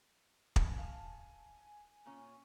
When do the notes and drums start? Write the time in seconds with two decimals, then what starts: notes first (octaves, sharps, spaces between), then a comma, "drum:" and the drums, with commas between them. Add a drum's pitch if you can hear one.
0.56 A2 G#5, drum: kick
0.78 F5 A5
2.06 A#2 C#4